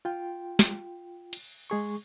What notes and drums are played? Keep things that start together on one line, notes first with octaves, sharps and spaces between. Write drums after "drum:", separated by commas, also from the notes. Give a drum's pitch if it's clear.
F4 G5
drum: snare
drum: cymbal
G#3 G#4 C#6